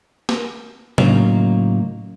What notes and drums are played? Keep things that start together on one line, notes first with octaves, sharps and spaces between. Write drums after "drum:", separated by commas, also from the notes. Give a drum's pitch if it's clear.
drum: snare
A2 C#3 F#3 A#3 D#4, drum: tom C3